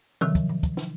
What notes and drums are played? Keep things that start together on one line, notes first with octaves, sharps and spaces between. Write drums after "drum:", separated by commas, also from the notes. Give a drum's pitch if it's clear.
C3 D#3 F3 F#3, drum: tom F3
drum: kick, hi-hat
drum: tom A2
drum: kick, hi-hat
drum: snare